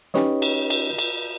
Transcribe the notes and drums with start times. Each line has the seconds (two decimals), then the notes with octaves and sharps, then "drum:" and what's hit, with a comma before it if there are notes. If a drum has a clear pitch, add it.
0.14 C#4 D#4 G4 B4 C#5 D#5, drum: snare
0.42 drum: cymbal
0.70 drum: cymbal
0.98 drum: cymbal